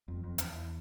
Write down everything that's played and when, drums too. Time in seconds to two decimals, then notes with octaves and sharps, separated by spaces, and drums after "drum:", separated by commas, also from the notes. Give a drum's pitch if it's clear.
0.08 F2
0.24 F2
0.38 E2, drum: hi-hat